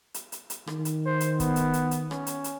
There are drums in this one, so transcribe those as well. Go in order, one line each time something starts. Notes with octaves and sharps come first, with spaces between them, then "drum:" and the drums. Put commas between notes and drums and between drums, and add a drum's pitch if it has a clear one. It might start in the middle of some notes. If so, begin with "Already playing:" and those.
drum: hi-hat
drum: hi-hat
drum: hi-hat
D#3, drum: rim click
drum: hi-hat
C5
drum: hi-hat
B3, drum: kick, hi-hat
drum: hi-hat
drum: hi-hat
drum: hi-hat
C#4, drum: rim click
drum: hi-hat
drum: hi-hat